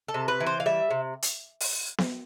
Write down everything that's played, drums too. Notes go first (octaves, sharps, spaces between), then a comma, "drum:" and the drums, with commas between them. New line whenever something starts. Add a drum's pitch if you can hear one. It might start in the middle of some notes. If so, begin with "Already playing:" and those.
A4
C3
B4
E3
C5
F5
G3 E5
C3
drum: hi-hat
drum: open hi-hat
drum: snare B3